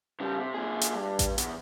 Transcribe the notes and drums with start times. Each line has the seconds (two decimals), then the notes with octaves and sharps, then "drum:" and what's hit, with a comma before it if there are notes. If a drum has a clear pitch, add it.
0.20 C#3 G3
0.40 C3
0.54 A#2 G#4
0.81 drum: hi-hat
0.95 G2
1.19 drum: kick A1, hi-hat
1.38 E2, drum: hi-hat